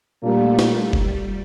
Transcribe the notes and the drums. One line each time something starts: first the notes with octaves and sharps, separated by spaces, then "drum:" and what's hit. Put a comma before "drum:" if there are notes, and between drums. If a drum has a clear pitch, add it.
A#2 G3 A3 A#3 D4
drum: snare
G3, drum: kick F1